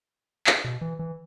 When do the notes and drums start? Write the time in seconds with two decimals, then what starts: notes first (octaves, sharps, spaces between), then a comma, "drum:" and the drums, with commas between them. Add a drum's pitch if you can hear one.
0.47 drum: clap
0.64 B2
0.81 E3
0.99 E3